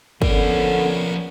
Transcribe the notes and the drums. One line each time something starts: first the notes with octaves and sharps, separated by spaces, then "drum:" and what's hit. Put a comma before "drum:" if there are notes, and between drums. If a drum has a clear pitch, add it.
D3 F3 B3 C#4 A#4 D5, drum: kick